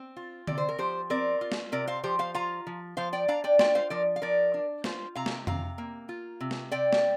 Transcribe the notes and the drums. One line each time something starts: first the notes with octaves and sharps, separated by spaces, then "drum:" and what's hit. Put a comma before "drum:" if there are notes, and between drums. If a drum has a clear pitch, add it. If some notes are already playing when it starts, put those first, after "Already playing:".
Already playing: C4
F4
C3 D5, drum: tom D3
C5
A#4
F3 G4 C5
C4 A#4 D5
F4
drum: snare
C3 A#4 D5
C5 F5
F3 G4 C5
C5 F5
F4 F5 A#5
F3
F3 C5 F5
D5 G5
D4 F5 A#5
D5 G5
F4 D5 G5, drum: snare
C5 F5
F3 A#4 D5
F5
F3 A#4 D5
D4
F4 C5 F5, drum: snare
C3 F5 A#5
drum: snare
C3 F5 A#5, drum: tom F2
A#3
F4
C3
drum: snare
C3 D5 G5
drum: snare